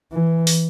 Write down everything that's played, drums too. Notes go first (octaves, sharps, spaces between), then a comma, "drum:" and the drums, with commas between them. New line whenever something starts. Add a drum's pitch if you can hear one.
E3
drum: open hi-hat